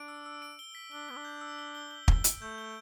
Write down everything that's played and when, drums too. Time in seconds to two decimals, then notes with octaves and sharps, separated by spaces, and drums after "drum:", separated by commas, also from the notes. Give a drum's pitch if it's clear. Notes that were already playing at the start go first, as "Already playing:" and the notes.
Already playing: D4 D7
0.08 E6
0.26 E6
0.42 D7
0.59 G7
0.75 B6
0.92 D4 G7
1.09 B3 G7
1.16 D4
1.25 G6
1.41 E6
1.59 G7
1.75 G7
1.91 G7
2.08 G7, drum: kick
2.24 D7, drum: hi-hat
2.42 A3 G6
2.58 G7